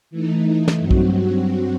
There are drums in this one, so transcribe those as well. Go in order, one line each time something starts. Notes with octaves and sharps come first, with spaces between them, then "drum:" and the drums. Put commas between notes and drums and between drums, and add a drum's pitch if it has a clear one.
E3 A3 D#4
drum: snare
G2 F#3 C4 F#4
drum: kick